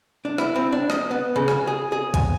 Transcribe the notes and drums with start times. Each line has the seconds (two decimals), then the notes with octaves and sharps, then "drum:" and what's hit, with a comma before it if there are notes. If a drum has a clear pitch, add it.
0.25 D4
0.38 E4, drum: rim click
0.56 C4
0.72 D4
0.90 D#5, drum: rim click
1.11 B3
1.36 C#3
1.48 G#5, drum: rim click
1.67 G#4
1.92 G#4
2.14 G#5, drum: kick, hi-hat